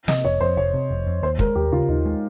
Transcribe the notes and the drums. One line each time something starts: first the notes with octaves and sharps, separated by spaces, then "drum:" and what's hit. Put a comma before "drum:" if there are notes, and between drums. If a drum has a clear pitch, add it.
C3 D#5, drum: snare
F1 C#5
F2 C5
F1 C#5
C3
F1
F2
D#2 C5
G#3 A#4, drum: kick
D#2 G4
C#3 F4
D#2 D#4
G#3